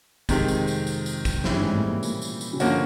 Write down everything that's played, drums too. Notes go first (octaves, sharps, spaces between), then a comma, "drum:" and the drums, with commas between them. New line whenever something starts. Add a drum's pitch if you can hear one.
F2 C3 D#3 G#3, drum: kick, tambourine
drum: tambourine
drum: tambourine
drum: tambourine
drum: tambourine
drum: kick, tambourine
G2 C#3 E3 G3 C4 E4, drum: snare
G#2
A2
A#2
A#2, drum: tambourine
drum: tambourine
drum: tambourine
C#3
D3 F3 A#3 C#4 F#4, drum: tambourine